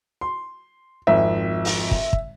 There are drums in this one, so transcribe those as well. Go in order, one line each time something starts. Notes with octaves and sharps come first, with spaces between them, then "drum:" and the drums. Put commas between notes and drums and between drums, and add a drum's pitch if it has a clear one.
C6
G#1 F2 E5
drum: open hi-hat
drum: kick
drum: kick